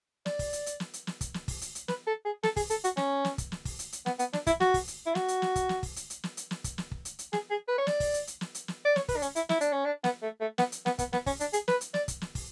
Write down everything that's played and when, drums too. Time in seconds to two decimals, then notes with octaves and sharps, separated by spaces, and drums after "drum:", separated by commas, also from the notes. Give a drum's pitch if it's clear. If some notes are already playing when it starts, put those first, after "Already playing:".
0.26 D5, drum: snare
0.39 drum: kick, open hi-hat
0.53 drum: hi-hat
0.66 drum: hi-hat
0.80 drum: snare
0.94 drum: hi-hat
1.07 drum: snare
1.21 drum: kick, hi-hat
1.34 drum: snare
1.48 drum: kick, open hi-hat
1.61 drum: hi-hat
1.75 drum: hi-hat
1.88 B4, drum: snare
2.07 A4
2.25 G#4
2.43 A4, drum: snare
2.56 G#4, drum: kick, open hi-hat
2.70 A4, drum: hi-hat
2.84 F#4, drum: hi-hat
2.97 C#4, drum: snare
3.25 drum: snare
3.38 drum: kick, hi-hat
3.52 drum: snare
3.65 drum: kick, open hi-hat
3.79 drum: hi-hat
3.92 drum: hi-hat
4.06 B3, drum: snare
4.19 B3, drum: hi-hat
4.33 D4, drum: snare
4.47 E4, drum: kick, hi-hat
4.60 F#4, drum: snare
4.74 drum: kick, open hi-hat
4.88 drum: hi-hat
5.06 E4
5.15 F#4, drum: snare
5.28 drum: hi-hat
5.42 drum: snare
5.56 drum: kick, hi-hat
5.69 drum: snare
5.83 drum: kick, open hi-hat
5.96 drum: hi-hat
6.10 drum: hi-hat
6.24 drum: snare
6.37 drum: hi-hat
6.51 drum: snare
6.64 drum: kick, hi-hat
6.78 drum: snare
6.91 drum: kick
7.05 drum: hi-hat
7.19 drum: hi-hat
7.33 G#4, drum: snare
7.50 G#4
7.68 B4
7.78 C#5
7.87 D5, drum: snare
8.00 drum: kick, open hi-hat
8.14 drum: hi-hat
8.27 drum: hi-hat
8.41 drum: snare
8.55 drum: hi-hat
8.68 drum: snare
8.85 D5
8.96 C#5, drum: snare
9.08 B4, drum: kick, open hi-hat
9.16 D4
9.22 C#4, drum: hi-hat
9.36 E4, drum: hi-hat
9.49 E4, drum: snare
9.61 D4, drum: hi-hat
9.72 C#4
9.85 D4
10.04 B3, drum: snare
10.22 A3
10.40 A3
10.58 B3, drum: snare
10.72 drum: hi-hat
10.86 B3, drum: snare
10.99 B3, drum: kick, hi-hat
11.13 B3, drum: snare
11.26 C#4, drum: kick, open hi-hat
11.40 D4, drum: hi-hat
11.53 G#4, drum: hi-hat
11.68 B4, drum: snare
11.81 drum: hi-hat
11.94 D5, drum: snare
12.08 drum: kick, hi-hat
12.21 drum: snare
12.35 drum: kick, open hi-hat